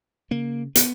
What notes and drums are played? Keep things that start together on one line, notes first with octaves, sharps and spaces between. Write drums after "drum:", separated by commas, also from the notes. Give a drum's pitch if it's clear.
C#3 A#3
B3, drum: hi-hat